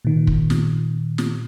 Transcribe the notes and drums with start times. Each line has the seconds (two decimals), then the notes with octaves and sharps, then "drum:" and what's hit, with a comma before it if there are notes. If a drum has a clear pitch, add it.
0.05 A#2 D#3
0.27 drum: kick
0.50 drum: snare
1.18 drum: snare